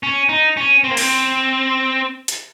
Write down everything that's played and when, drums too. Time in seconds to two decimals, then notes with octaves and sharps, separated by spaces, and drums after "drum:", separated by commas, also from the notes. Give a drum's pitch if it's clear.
0.03 C#4
0.29 D#4
0.57 C#4
0.84 C4
0.91 A#3
0.97 C4, drum: open hi-hat
2.28 drum: hi-hat